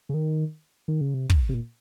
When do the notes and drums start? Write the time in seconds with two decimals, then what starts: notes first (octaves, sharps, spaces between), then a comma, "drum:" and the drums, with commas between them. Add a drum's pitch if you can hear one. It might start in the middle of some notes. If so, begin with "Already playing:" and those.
0.09 C#3
0.14 D#3
0.88 D#3
1.01 C#3
1.14 C3
1.30 drum: kick
1.49 C3
1.54 A#2